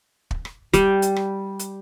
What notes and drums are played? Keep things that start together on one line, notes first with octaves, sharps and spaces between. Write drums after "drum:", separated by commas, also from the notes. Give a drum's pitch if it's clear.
drum: kick
drum: rim click
G3, drum: kick, hi-hat
drum: hi-hat
drum: rim click
drum: hi-hat